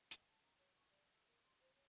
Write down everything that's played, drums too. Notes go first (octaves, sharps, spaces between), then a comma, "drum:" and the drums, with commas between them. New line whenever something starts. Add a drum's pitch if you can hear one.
D#5, drum: hi-hat
A5
A#5
C#5
C#6
D5
E6
A#4
C6
C5
C#5